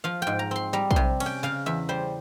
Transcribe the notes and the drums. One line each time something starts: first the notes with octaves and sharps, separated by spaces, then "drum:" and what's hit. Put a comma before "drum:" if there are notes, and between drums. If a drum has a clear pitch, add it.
F3 F5
G#2 G5
A#5
C4 C6
G3 A#5
C6, drum: kick
C3
C#4, drum: cymbal
G5
C#3 F5
E2 E5
G3 C5